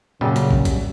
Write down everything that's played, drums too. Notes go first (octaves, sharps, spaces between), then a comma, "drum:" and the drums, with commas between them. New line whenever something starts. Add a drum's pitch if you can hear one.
F#2 A#2 C#3 G3
drum: hi-hat
drum: kick
drum: kick, hi-hat